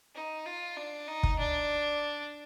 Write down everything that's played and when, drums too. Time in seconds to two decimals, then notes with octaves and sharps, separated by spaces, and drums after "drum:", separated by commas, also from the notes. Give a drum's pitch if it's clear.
0.15 D#4
0.46 F4
0.77 D4
1.07 D#4
1.23 drum: kick
1.39 D4